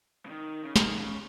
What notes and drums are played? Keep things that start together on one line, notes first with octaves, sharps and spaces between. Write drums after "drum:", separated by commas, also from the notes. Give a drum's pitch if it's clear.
C#3
D#3
C#3
D#3, drum: snare
C#3